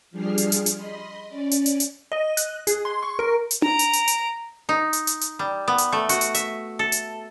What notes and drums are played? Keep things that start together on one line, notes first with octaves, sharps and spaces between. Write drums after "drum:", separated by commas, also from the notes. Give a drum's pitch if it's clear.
F3 G3 D4 G#4 F6 C7
drum: hi-hat
drum: hi-hat
drum: hi-hat
D#5 B5 C6
C#4 D5
drum: hi-hat
drum: hi-hat
drum: hi-hat
D#5
F#6, drum: hi-hat
G#4, drum: hi-hat
C6
C#6
A#4
drum: hi-hat
A#5 D7, drum: tom D4
drum: hi-hat
drum: hi-hat
drum: hi-hat
D#4
drum: hi-hat
drum: hi-hat
drum: hi-hat
G3
B3
drum: hi-hat
A3
F#4, drum: hi-hat
drum: hi-hat
E5, drum: hi-hat
A4
drum: hi-hat